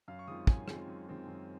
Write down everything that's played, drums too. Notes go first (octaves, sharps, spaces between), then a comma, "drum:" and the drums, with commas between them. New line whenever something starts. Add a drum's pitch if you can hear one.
F#2 F5
C#6
D#3 G#3 C4 F4 D#6
F#2 G#5, drum: kick
D#3 G#3 C4 F4, drum: rim click
F#2
D#3 G#3 C4 F4
F#2